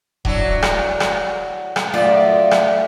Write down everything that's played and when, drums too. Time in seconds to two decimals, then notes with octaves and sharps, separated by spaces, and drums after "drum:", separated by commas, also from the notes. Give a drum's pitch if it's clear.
0.25 F#3 D4 E4, drum: kick D#1
0.63 drum: rim click
1.00 drum: rim click
1.76 drum: rim click
1.94 F#2 A3 F4 D5
2.51 drum: rim click